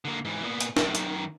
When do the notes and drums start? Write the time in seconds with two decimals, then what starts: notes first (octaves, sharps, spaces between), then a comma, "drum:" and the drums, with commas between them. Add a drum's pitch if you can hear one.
0.05 D3 A#3
0.25 G#2 E3
0.43 A#2 B3
0.60 drum: hi-hat
0.77 B1 A2, drum: snare D4
0.95 F#2 D#3, drum: hi-hat